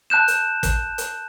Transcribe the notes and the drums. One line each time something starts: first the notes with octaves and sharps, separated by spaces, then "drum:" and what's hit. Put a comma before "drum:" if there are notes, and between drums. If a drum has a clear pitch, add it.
A5 F#6 G6 E7
drum: hi-hat
drum: kick, hi-hat
drum: hi-hat